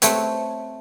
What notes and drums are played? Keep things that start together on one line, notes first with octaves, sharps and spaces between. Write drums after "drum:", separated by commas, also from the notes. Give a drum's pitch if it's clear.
A3 C4 B4 C#5 G5, drum: hi-hat